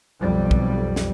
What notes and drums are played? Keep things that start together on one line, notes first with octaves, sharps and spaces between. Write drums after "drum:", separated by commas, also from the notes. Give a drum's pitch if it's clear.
B1 F2 G3
drum: kick
drum: snare